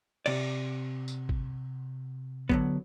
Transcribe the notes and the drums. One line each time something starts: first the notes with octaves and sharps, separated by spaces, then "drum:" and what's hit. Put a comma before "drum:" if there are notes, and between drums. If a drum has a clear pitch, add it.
C3 D5, drum: cymbal
drum: tambourine
drum: kick
D3 F#3 B3, drum: kick